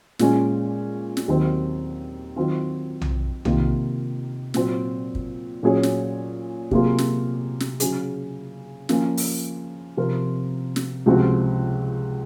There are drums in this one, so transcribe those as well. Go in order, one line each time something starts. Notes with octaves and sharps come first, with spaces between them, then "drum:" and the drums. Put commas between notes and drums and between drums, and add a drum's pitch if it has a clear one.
A#2 G#3 C#4 F4, drum: snare
drum: snare
D#2 D#3 F#3 C4
D#3 F#3 C4 F4
drum: tom B1
C3 D#3 A#3 F4, drum: tom B1
A#2 F#3 C4, drum: snare
drum: kick
A#2 F#3 C#4 G#4 C#5
drum: snare
C3 F#3 A#3 F4 G#4, drum: kick
drum: snare
drum: snare
C#3 F#3 C#4 G#4, drum: hi-hat
F3 A#3 C#4, drum: snare
drum: open hi-hat
C3 F3 C4 F4 A#4
drum: snare
C#2 C3 F3 C4 F#4